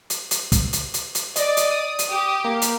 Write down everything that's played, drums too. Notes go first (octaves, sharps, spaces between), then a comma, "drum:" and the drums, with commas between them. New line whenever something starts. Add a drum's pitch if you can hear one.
drum: hi-hat
drum: hi-hat
drum: kick, hi-hat
drum: hi-hat
drum: hi-hat
drum: hi-hat
D5 D#5, drum: hi-hat
drum: hi-hat
D#6
drum: hi-hat
G4
A#3
drum: hi-hat